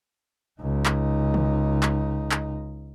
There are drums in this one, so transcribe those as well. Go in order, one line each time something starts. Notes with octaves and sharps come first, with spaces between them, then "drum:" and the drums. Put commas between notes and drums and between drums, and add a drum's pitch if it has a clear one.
C#2 D#4
drum: clap
drum: tom D3
drum: clap
drum: clap